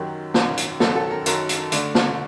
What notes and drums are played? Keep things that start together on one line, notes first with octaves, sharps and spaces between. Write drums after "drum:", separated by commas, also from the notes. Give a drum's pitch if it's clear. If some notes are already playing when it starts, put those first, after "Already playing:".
Already playing: F#2 D#3 F#3 G4
F#2 D#3 F#3, drum: snare
drum: hi-hat
F#2 D#3 F#3 A4, drum: snare
A4
A#4
F#2 D#3 F#3 A#4, drum: hi-hat
drum: hi-hat
D3 A3 D4, drum: hi-hat
drum: snare